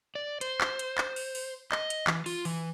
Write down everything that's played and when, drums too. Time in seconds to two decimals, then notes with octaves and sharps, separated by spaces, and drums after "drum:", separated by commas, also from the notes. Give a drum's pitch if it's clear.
0.15 D5
0.41 C5, drum: hi-hat
0.61 drum: clap
0.79 drum: hi-hat
0.98 drum: clap
1.16 drum: open hi-hat
1.35 drum: open hi-hat
1.72 D#5, drum: clap
1.90 drum: hi-hat
2.07 E3, drum: clap
2.26 F4, drum: open hi-hat
2.45 E3, drum: open hi-hat